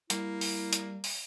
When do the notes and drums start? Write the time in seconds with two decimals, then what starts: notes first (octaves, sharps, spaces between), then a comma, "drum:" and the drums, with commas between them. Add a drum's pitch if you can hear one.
0.10 G3 A#3 E4, drum: hi-hat
0.41 drum: open hi-hat
0.73 drum: hi-hat
1.04 drum: open hi-hat